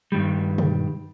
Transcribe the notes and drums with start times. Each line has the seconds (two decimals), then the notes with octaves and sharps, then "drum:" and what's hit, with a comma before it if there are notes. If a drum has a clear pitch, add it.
0.12 G2 D#3 G3
0.58 drum: tom